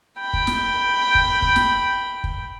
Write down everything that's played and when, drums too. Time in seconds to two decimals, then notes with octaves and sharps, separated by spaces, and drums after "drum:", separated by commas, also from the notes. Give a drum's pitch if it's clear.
0.20 G5 B5
0.33 drum: kick
0.47 drum: snare
1.15 drum: kick
1.42 drum: kick
1.56 drum: snare
2.24 drum: kick